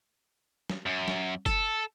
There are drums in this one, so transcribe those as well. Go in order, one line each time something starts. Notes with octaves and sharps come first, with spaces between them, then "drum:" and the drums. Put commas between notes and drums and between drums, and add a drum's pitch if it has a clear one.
drum: snare
F#2
drum: snare
A4, drum: kick, hi-hat